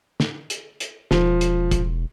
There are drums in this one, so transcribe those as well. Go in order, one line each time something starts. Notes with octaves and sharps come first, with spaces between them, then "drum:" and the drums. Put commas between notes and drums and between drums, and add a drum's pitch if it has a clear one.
drum: snare
drum: hi-hat
drum: hi-hat
E1 F3, drum: snare
drum: hi-hat
drum: kick, hi-hat